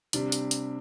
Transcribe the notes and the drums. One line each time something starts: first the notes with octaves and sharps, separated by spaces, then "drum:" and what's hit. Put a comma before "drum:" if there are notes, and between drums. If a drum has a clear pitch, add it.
C3 G3 D4, drum: hi-hat
drum: hi-hat
drum: hi-hat